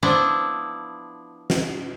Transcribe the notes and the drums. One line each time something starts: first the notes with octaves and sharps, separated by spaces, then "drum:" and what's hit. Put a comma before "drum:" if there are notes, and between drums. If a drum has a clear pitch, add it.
F3 B3 D4 E4
drum: snare